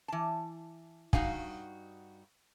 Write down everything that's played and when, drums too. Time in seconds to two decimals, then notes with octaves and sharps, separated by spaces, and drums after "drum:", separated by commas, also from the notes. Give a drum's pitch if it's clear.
0.08 E3 A5
1.13 G2 G3 D#4 F#4 F5 G#5, drum: kick